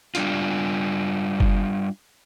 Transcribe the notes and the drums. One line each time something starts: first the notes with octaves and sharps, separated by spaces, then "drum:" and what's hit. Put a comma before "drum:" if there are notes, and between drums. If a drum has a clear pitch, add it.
G3 D4 F4, drum: hi-hat
drum: kick F#1